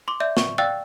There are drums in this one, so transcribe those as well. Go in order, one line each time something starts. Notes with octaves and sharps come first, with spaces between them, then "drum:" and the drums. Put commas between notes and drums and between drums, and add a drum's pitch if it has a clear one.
C6 D6
D5 E5 G6
C#6, drum: snare
D5 F5 G5 E6 F#6 A6